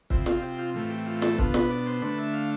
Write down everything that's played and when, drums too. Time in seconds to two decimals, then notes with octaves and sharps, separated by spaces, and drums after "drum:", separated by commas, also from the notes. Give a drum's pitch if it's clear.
0.10 C3 F3 C4 E4, drum: kick
0.26 F4, drum: snare
0.42 G4
0.58 F4
0.74 A2 E3 A3 C4 F4
0.90 G4
1.06 F4
1.22 A4, drum: snare
1.38 B2 B3 D4 F4, drum: kick
1.54 B4, drum: snare
1.71 D5
1.86 C5
2.02 D3 A3 D4 B4
2.18 E5
2.34 F5